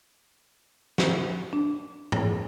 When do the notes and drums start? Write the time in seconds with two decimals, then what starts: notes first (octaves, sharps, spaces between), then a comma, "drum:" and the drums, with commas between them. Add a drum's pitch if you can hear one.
0.98 drum: snare
1.53 D4
2.12 drum: tom